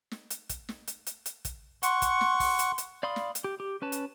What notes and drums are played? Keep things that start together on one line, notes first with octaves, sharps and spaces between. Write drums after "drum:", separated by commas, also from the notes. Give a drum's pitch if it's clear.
drum: snare
drum: hi-hat
drum: kick, hi-hat
drum: snare
drum: hi-hat
drum: hi-hat
drum: hi-hat
drum: kick, hi-hat
F#5 C6 C#6, drum: hi-hat
drum: kick, hi-hat
drum: snare
drum: kick, open hi-hat
drum: hi-hat
drum: hi-hat
D5 F5 B5 C6 D#6
drum: snare
drum: hi-hat
G4
G4
C#4 B4 A5
drum: hi-hat